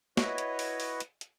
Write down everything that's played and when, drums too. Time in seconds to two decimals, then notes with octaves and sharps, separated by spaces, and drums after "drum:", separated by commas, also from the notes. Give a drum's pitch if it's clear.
0.17 E4 F#4 B4 C#5 D#5, drum: snare
0.38 drum: hi-hat
0.59 drum: open hi-hat
0.80 drum: open hi-hat
1.00 drum: hi-hat
1.21 drum: hi-hat